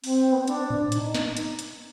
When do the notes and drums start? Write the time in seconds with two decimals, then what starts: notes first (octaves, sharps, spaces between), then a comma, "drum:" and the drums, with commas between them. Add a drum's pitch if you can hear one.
0.04 C4, drum: open hi-hat
0.32 B3
0.40 C4
0.48 D4, drum: hi-hat
0.70 drum: tom A2
0.92 D#4, drum: hi-hat
1.14 drum: snare
1.37 drum: hi-hat
1.59 drum: hi-hat